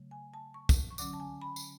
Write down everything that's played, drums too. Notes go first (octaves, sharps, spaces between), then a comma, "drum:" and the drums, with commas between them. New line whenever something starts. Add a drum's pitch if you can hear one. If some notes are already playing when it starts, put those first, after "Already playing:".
Already playing: C#3 F#3 A3
G#5
A5
C#6
drum: kick, tambourine
C#6
D3 F#3 C#4 D6, drum: tambourine
A5
G#5
B5
drum: tambourine